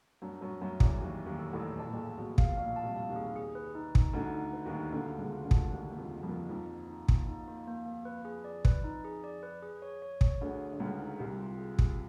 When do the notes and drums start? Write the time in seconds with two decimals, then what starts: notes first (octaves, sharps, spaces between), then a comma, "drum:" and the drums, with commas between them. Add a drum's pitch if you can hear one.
0.22 F#2 F#3 D4
0.41 F#2 F#3 F#4
0.61 F#2 F#3 A3
0.80 E2 E3 A3, drum: kick
1.00 D#2 D#3 F#4
1.20 A3
1.26 D#2 D#3
1.39 A4
1.53 A1 A2
1.59 A4
1.79 A#2 A5
1.86 A2
1.93 A#1 A#2 G#4
2.17 B1 B2 G#4
2.38 F5, drum: kick
2.57 A#1 A#2 F5
2.76 A5
2.83 C2 C3
2.96 F5
3.09 D#2 D#3
3.16 G#4
3.36 G#4
3.55 B4
3.75 D#4
3.95 D#4, drum: kick
4.13 D2 D3 D#4
4.34 D#4
4.53 B4
4.66 D#2 D#3
4.73 D#4
4.92 D2 D3 A#3
5.13 D4
5.18 C#2 C#3
5.32 F4
5.44 D2 D3
5.51 D4, drum: kick
5.70 D#2 D#3 A#4
5.90 A#3
5.96 F2 F3
6.10 A#3
6.23 F2 F3
6.29 A#4
6.49 F2 F3 D#4
6.69 A#3
6.88 D#4
7.08 A#3, drum: kick
7.27 D#4
7.48 A#3
7.67 A#3
7.86 A#3
8.05 B4
8.25 G#4
8.44 D5
8.65 B4, drum: kick
8.84 D#4
9.04 G#4
9.24 D5
9.43 B4
9.63 G#4
9.82 C#5
10.02 C#5
10.21 C#5, drum: kick
10.41 D2 D3 G#4
10.61 C#5
10.73 D3
10.80 C#2 C#3 F#5
11.00 D#4
11.19 C2 C3 F4
11.39 F4
11.58 G#4
11.79 F4, drum: kick